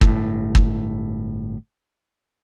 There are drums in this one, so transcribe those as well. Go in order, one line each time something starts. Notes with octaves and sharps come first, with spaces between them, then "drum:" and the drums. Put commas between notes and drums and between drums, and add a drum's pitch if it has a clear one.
G1 A2, drum: kick
drum: kick